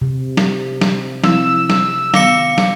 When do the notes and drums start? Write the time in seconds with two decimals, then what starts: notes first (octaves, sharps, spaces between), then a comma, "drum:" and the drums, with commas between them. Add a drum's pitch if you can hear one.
0.01 C3
0.37 drum: snare
0.81 drum: snare
1.24 F3 C4 E4 E6, drum: snare
1.70 drum: snare
2.14 D#3 B3 F5 D6 C#7, drum: snare
2.58 drum: snare